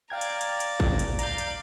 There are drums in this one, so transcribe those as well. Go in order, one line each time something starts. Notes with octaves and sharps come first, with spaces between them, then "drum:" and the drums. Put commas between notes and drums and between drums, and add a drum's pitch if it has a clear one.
D5 F5 G5 A#5 G#6
drum: hi-hat
drum: hi-hat
drum: hi-hat
drum: kick
drum: hi-hat
D5 F5 A#5 G6, drum: hi-hat
drum: hi-hat